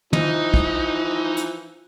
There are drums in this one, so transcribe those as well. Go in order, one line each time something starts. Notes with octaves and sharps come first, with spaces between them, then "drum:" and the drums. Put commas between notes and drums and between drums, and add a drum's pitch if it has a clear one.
E3 F3 D#4, drum: tom
drum: kick
drum: hi-hat